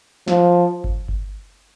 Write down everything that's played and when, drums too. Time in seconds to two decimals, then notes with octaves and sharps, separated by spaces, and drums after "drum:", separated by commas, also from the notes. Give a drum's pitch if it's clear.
0.28 F3, drum: snare
0.84 drum: kick G1
1.08 drum: kick G1